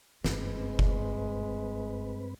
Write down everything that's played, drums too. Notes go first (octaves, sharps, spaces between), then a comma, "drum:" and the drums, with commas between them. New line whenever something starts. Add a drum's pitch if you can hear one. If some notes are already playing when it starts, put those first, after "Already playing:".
F#1 G2 G#3 C4 C#4 B4, drum: snare
drum: kick F#1